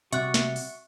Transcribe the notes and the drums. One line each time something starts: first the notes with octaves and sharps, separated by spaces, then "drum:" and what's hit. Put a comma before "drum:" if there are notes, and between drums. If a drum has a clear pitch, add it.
C3 G3 F#4 E5 C#6 F#6, drum: hi-hat
drum: snare
drum: open hi-hat